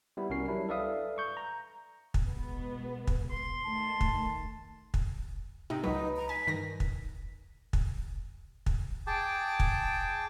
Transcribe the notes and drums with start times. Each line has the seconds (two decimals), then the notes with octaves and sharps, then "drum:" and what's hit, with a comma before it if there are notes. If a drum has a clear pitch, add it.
0.17 G3 B3 E4
0.30 C2 C#4 F#4 A#4 C7
0.48 F#3 G3 D4 E4
0.69 A4 B4 D5 E5 F5 D#6
1.18 C#6 G6
1.37 A#5
2.14 drum: kick
2.24 B2 G#3 B3
3.07 drum: kick
3.31 C6
3.66 D#3 A3 A5
4.01 drum: kick
4.94 drum: kick
5.70 C3 D#4
5.84 C#2 F#3 D#4 B4
6.16 A#5
6.29 G#5 B6
6.47 G2 D#3 A#6
6.80 drum: kick
7.73 drum: kick
8.66 drum: kick
9.07 G#4 G5 A5 D6
9.60 drum: kick